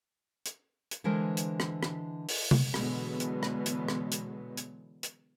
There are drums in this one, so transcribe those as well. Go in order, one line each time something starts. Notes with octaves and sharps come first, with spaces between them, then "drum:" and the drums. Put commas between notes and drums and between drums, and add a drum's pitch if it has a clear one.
drum: hi-hat
drum: hi-hat
D3 E3 G#3 A#4 C5
drum: hi-hat
drum: rim click
drum: rim click
drum: open hi-hat
drum: tom C3
B2 D3 E3 F#3 G#3 B3, drum: rim click
drum: hi-hat
drum: rim click
drum: hi-hat
drum: rim click
drum: hi-hat
drum: hi-hat
drum: hi-hat